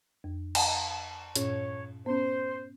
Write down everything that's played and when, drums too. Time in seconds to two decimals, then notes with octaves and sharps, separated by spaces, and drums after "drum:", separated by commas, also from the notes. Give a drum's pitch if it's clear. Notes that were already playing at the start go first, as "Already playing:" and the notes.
0.24 F2
0.55 drum: cymbal
1.36 G2 A#2 C#4 C#5, drum: hi-hat
2.06 B3 C#4 C5